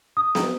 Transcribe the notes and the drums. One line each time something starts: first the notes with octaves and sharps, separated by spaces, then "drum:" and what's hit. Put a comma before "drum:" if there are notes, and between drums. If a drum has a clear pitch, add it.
D#6
drum: snare B3